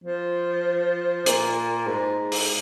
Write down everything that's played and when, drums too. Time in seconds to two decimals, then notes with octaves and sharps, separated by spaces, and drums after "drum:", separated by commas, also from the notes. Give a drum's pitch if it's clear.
0.04 F3
1.26 A#2, drum: hi-hat
1.87 G#2
2.32 drum: open hi-hat